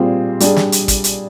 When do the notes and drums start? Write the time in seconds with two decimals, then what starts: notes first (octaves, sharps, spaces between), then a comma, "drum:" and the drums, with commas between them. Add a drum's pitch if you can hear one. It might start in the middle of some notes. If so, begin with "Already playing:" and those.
Already playing: A#2 G3 C4 F4 G#4
0.40 G3 D4 G#4, drum: hi-hat
0.57 drum: snare
0.72 drum: hi-hat
0.88 drum: kick, hi-hat
1.04 drum: hi-hat